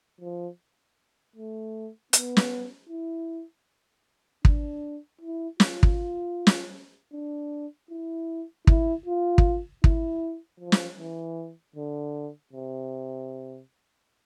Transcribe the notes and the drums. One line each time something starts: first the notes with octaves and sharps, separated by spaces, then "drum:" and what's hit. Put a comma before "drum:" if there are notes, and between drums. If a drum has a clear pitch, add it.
F3
A3
B3, drum: hi-hat
drum: snare
E4
D4, drum: kick
E4
F4, drum: snare
drum: kick
drum: snare
D4
E4
E4, drum: kick
F4
drum: kick
E4, drum: kick
F3
drum: snare
E3
D3
C3